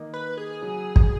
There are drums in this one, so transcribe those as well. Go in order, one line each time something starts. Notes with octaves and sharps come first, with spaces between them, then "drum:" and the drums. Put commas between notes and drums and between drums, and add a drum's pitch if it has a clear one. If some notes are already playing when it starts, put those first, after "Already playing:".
Already playing: D#3 A#3 D#4 A#4 D#5
B4
G#4
C#3 F#3
drum: kick